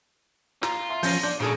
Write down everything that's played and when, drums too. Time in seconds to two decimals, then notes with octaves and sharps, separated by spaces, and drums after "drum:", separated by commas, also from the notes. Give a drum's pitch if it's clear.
0.63 F4 A#5, drum: snare
0.89 E5 C6
1.03 F3 C#4 G6 A#6 D#7, drum: open hi-hat
1.23 D4 G6
1.40 A#2 C#3 G#4 A4